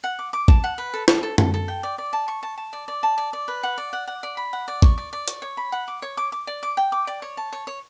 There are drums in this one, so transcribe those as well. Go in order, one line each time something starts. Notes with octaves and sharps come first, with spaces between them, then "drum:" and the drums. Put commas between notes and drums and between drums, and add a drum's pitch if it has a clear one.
F#5
D6
D6
A5, drum: kick A1
F#5
B4
A4
A4, drum: snare
A4
A4, drum: tom F#2
A4
G5
D5
D5
A5
C#6
A5
A5
D5
D5
A5
D5
D5
B4
F#5
D5
F#5
F#5
D5
B5
F#5
D5
C#6, drum: kick A1
D5
D5
C#6, drum: hi-hat
C#5
B5
F#5
D6
C#5
D6
D6
D5
D6
G5
D6
D5
C#5
A5
C#5
C#5